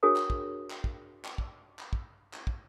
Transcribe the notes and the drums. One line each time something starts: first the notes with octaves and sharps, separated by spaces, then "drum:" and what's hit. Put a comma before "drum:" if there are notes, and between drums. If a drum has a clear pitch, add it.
D4 F#4 G#4 A#4 C#5 D#6
drum: clap
drum: kick
drum: clap
drum: kick
drum: clap
drum: kick
drum: clap
drum: kick
drum: clap
drum: kick